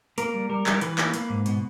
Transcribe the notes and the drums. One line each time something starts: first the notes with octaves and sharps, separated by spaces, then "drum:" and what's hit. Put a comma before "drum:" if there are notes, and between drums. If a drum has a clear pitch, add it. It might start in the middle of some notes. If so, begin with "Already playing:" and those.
A#3 A#4, drum: hi-hat
G3
G3 A#4
G3, drum: clap
A#4
E3 B4, drum: hi-hat
A#3, drum: clap
A#3, drum: hi-hat
G#2
B2, drum: hi-hat